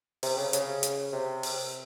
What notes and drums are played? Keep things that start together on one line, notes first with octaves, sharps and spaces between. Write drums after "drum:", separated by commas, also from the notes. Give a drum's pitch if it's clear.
C3, drum: open hi-hat
C#3
C#3, drum: hi-hat
drum: hi-hat
C3
drum: open hi-hat